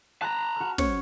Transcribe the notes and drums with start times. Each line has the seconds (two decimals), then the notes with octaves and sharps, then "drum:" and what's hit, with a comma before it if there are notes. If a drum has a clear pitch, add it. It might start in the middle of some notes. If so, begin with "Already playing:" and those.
0.22 A5 A#5 F#6 A#6
0.56 F#4 F6
0.78 C#4 C#5, drum: snare